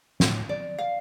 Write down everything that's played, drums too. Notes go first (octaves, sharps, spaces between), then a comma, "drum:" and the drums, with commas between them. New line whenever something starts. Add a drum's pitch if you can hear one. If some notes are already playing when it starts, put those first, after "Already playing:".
A2, drum: snare
D5
F5